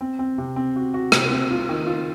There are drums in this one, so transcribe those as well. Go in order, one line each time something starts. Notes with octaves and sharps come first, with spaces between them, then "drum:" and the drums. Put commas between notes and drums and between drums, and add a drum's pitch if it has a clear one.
C4
C4
C3
C4
F#4
F#4
C3, drum: rim click
C4
F4
D#3
F4